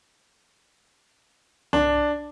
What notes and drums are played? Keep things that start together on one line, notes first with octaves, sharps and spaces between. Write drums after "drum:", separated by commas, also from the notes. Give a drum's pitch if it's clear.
D4, drum: tom C2